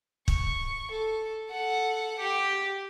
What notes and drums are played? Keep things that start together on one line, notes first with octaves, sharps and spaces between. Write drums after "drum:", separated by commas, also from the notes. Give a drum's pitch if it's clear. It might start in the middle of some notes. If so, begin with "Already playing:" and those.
C#6, drum: kick
A4
A4 F#5
G4